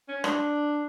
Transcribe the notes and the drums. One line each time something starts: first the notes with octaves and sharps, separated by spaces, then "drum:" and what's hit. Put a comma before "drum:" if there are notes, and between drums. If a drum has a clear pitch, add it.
C#4
D4, drum: rim click